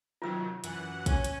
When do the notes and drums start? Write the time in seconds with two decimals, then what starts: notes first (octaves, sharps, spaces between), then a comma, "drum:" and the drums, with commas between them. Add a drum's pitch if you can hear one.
0.22 C3 D#3 F#3 F4 E6
0.64 F#2 E3 F#5, drum: hi-hat
1.06 C#4, drum: kick, hi-hat
1.24 drum: hi-hat